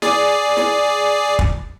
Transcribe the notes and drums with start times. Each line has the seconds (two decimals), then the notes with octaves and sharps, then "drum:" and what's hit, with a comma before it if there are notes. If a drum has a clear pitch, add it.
0.02 G#4 D5, drum: snare
0.57 drum: snare
1.39 drum: kick